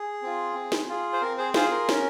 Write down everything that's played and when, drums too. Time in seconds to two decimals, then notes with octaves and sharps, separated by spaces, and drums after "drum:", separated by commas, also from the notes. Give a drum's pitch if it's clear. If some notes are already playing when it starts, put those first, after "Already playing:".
Already playing: G#4
0.22 C4 F4
0.55 C4
0.72 drum: snare
0.89 F4 G#4
1.13 C5
1.21 C4 A#4
1.38 G#4 C5
1.54 F4 G#4 C5, drum: snare
1.71 A#4
1.89 C#4, drum: snare